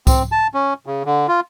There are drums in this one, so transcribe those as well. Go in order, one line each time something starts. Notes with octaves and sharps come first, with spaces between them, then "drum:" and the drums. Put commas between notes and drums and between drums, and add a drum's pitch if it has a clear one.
C4, drum: kick C2, tambourine
A5
C#4
C#3
D3
F4